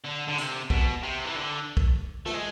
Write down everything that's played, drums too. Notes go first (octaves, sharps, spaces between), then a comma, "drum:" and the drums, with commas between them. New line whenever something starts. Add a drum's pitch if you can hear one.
D3
D3
C3, drum: hi-hat
B2, drum: kick
C3
E3
D3
drum: kick
A3, drum: snare
G#3